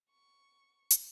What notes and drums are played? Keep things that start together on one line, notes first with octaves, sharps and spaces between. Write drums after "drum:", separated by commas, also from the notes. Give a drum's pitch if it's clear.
C#6
drum: hi-hat